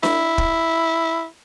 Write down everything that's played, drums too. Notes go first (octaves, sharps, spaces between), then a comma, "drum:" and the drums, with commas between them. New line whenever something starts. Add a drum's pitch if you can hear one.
E4, drum: snare D4
drum: kick